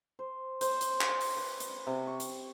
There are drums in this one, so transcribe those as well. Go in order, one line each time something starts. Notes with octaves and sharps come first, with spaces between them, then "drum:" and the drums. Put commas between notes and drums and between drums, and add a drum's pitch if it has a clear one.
C5
C5, drum: hi-hat
drum: hi-hat
drum: clap
drum: open hi-hat
B4
drum: hi-hat
C3
C#6
drum: hi-hat